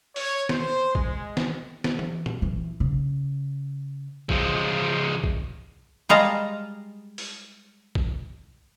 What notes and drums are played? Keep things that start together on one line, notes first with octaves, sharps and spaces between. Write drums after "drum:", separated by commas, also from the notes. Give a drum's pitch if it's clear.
C#5, drum: open hi-hat
C5, drum: snare
G#3, drum: kick
drum: snare
drum: snare
drum: tom E3
drum: tom A#2
E3
C#3
F3 G#3, drum: kick
drum: kick
G3 G#3 F5 A5 A#5
drum: open hi-hat
drum: kick